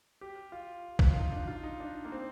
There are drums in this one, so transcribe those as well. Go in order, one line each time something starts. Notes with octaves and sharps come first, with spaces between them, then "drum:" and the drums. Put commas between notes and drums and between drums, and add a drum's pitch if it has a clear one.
G4
F4
drum: kick A1
F4
D#4
D4
F4
D#4
D4
A#3
C4